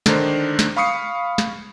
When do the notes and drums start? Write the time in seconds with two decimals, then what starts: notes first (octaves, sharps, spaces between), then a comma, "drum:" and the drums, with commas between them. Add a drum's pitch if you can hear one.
0.06 D3 D#3 D4 D#4 C5, drum: snare
0.59 drum: snare
0.77 F5 B5 C#6 D#6 C7 C#7
1.38 drum: snare